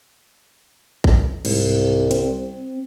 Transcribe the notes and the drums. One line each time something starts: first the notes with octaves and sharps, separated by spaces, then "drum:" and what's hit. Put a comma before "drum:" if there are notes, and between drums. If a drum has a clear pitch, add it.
drum: kick A1
C2 G#2, drum: cymbal
C4, drum: hi-hat